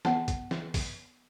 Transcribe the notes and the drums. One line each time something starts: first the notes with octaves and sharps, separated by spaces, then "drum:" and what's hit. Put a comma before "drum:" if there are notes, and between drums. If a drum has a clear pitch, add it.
B3 F#5 A5, drum: snare
drum: kick, hi-hat
drum: snare
drum: kick, open hi-hat